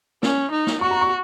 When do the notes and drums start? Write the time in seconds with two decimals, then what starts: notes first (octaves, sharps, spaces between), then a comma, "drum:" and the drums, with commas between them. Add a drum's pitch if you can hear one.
0.23 C#4, drum: snare
0.51 D#4
0.67 drum: snare
0.81 F#4 C#6
0.91 A#5
1.01 C#6